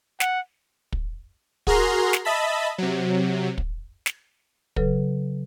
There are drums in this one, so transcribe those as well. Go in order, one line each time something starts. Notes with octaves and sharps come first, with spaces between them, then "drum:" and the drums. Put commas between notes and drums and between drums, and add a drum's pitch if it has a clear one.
F#5, drum: snare
drum: kick
F#4 G#4 A#4 A#5 C6, drum: kick
drum: snare
D#5 E5 A5 B5
C3 F#3
drum: kick
drum: snare
C#3 F#3 A4 B4, drum: kick